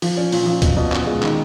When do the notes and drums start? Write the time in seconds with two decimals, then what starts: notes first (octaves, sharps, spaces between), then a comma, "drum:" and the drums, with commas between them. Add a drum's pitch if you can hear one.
0.02 F3, drum: open hi-hat
0.17 C#4
0.32 A#2, drum: open hi-hat
0.46 F3
0.62 B2, drum: kick, hi-hat
0.77 B2
0.92 C#4, drum: clap
1.07 G#3
1.23 D#3, drum: clap